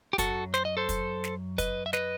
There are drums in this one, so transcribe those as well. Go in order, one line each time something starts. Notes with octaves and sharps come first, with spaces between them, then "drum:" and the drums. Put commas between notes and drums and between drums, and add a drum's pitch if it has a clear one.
G4
F#2 F#3 F#4 A4, drum: kick, hi-hat
C5, drum: snare
D#5
A4 C5
drum: kick, hi-hat
drum: snare
B4 D#5, drum: kick, hi-hat
E5
B4 D#5, drum: snare